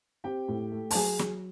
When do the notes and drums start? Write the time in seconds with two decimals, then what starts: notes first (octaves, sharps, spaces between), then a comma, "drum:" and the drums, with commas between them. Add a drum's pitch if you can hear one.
0.24 C4 G4 G5
0.48 A2
0.72 A3
0.91 A5, drum: open hi-hat
0.95 F#3 G#4 G#5
1.19 F#3, drum: snare